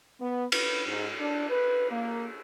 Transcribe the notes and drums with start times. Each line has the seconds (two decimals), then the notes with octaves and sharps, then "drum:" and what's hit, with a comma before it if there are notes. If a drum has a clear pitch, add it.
0.20 B3
0.52 B4, drum: cymbal
0.86 G#2
1.18 D4
1.50 B4
1.91 A#3